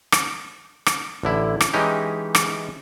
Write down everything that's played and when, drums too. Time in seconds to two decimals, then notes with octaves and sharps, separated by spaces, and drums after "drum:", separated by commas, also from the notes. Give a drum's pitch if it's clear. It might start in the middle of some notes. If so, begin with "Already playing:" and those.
0.12 drum: rim click
0.86 drum: rim click
1.23 A1 D3 E4
1.61 drum: rim click
1.73 E3 G#3 C#4 D#4 G4
2.35 drum: rim click